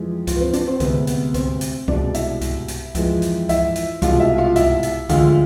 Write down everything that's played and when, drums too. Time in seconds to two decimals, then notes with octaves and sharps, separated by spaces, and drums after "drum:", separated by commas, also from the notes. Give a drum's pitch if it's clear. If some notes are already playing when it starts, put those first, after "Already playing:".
Already playing: F2 E3 G#3
0.27 F4, drum: kick C#2, hi-hat
0.36 B4
0.40 C4 C5
0.53 D4 D5, drum: hi-hat
0.67 C4 C5
0.80 D2 C3 G#3 B3 B4, drum: kick C#2, hi-hat
1.07 B3 B4, drum: hi-hat
1.34 C4 C5, drum: kick C#2, hi-hat
1.61 drum: hi-hat
1.88 C2 B2 G#3 D4 D5, drum: kick C#2
2.14 E4 E5, drum: hi-hat
2.41 drum: kick C#2, hi-hat
2.68 drum: hi-hat
2.95 F2 E3 G#3, drum: kick C#2, hi-hat
3.22 drum: hi-hat
3.49 E4 E5, drum: kick C#2, hi-hat
3.76 drum: hi-hat
4.02 C2 B2 G#3 F4 F5, drum: kick C#2, hi-hat
4.20 E4 E5
4.38 F4 F5
4.56 E4 E5, drum: kick C#2, hi-hat
4.83 drum: hi-hat
5.09 D2 D3 F3 G#3 F4 F5, drum: kick C#2, hi-hat